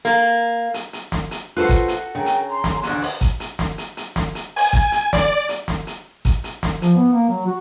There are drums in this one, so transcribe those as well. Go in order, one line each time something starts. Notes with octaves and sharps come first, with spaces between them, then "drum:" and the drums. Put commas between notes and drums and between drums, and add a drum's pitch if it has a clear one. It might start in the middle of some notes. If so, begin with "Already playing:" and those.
A#3
drum: hi-hat
drum: hi-hat
drum: snare
drum: hi-hat
F4 F#4 A4 B4 C5 F#6
drum: kick, hi-hat
drum: hi-hat
C#3 A#4 G5
drum: hi-hat
A#5 C6
drum: snare
A1 D2 F#6, drum: hi-hat
drum: open hi-hat
drum: kick, hi-hat
drum: hi-hat
drum: snare
drum: hi-hat
drum: hi-hat
drum: snare
drum: hi-hat
G#5, drum: open hi-hat
drum: kick, hi-hat
drum: hi-hat
D5, drum: snare
drum: hi-hat
drum: snare
drum: hi-hat
drum: kick, hi-hat
drum: hi-hat
drum: snare
F3, drum: hi-hat
B3
A#3
F#3
F#4